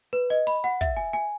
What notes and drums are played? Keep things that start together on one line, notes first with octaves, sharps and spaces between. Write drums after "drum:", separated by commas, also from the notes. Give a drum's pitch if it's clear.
B4
D#5
B5, drum: open hi-hat
F#5
E5, drum: kick, hi-hat
G#5
G#5